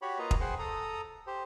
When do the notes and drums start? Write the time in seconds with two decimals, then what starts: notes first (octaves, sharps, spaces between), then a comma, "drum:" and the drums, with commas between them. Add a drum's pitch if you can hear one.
0.02 F#4 G4 C#5 B5
0.19 A#3 F4 B4 D#5 A#5
0.31 drum: kick
0.41 G#4 C5 F#5 G5 C6
0.59 A4 A#5 D#6
1.27 G4 C5